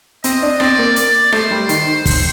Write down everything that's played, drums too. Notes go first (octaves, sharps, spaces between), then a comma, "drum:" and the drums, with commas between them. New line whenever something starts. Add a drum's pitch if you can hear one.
C4 D#5, drum: hi-hat
D4
C4 D5, drum: rim click
A#3
D5, drum: hi-hat
A3 C5, drum: rim click
G3
D#3, drum: hi-hat
drum: kick, open hi-hat